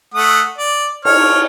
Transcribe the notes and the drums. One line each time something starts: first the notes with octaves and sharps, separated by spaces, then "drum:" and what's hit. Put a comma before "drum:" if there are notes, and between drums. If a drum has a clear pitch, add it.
A3 F#5 D#6
D5
C#5 F6, drum: cymbal